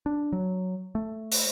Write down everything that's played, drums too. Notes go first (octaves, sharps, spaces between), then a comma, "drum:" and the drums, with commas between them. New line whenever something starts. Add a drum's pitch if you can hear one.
D4
F#3
A3
drum: open hi-hat